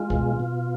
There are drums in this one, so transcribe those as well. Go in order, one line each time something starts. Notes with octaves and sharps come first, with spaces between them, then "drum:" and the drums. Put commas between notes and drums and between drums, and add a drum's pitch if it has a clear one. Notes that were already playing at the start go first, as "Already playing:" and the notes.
Already playing: G#3 F4
B2, drum: kick
B2